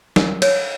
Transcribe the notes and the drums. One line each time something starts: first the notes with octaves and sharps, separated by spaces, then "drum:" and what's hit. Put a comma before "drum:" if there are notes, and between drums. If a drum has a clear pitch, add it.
A#4, drum: snare
C#5, drum: cymbal